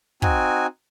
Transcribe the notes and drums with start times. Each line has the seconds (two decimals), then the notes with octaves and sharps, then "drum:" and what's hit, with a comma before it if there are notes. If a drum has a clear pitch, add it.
0.22 C4 D#4 F#4 G#5, drum: kick